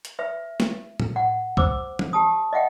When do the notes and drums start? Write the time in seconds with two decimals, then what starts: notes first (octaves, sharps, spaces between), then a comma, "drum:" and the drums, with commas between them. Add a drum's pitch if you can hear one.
0.05 drum: hi-hat
0.19 B4 E5
0.60 drum: snare
1.00 drum: tom A2
1.16 F#5
1.57 C5 D6 E6, drum: kick C2
1.99 drum: tom E3
2.13 G4 A5 D#6
2.53 D#5 E5 F#5 G5